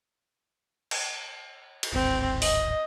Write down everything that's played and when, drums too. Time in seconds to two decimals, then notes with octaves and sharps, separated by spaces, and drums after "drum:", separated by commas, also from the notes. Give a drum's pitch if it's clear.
0.91 drum: cymbal
1.83 drum: cymbal
1.93 D1 G#1 C4
2.42 D#5, drum: open hi-hat